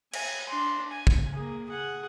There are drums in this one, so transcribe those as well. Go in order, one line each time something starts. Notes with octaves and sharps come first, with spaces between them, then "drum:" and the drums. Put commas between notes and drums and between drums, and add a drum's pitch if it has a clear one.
G#5, drum: cymbal
D4 C6
G#5
drum: kick
A#3 G#4
G#4 F#5